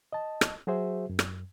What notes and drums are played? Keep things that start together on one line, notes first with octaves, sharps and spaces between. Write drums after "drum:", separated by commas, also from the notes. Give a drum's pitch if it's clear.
D#5 A5
drum: rim click
F#3 F#4 G#4 C5 E5
F#2
drum: rim click